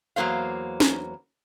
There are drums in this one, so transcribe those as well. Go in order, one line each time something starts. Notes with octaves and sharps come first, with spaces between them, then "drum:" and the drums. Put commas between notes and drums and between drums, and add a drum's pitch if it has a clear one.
E2 F#3 A#3 C5 F5
drum: snare